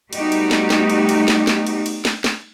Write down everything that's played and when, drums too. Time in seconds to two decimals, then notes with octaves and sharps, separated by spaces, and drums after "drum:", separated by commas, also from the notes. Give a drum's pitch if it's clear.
0.13 G3 A3 B3 D#4 F#4 G4, drum: cymbal
0.32 drum: cymbal
0.51 drum: snare
0.70 drum: snare
0.90 drum: cymbal
1.09 drum: cymbal
1.28 drum: snare
1.47 drum: snare
1.67 drum: cymbal
1.86 drum: cymbal
2.05 drum: snare
2.24 drum: snare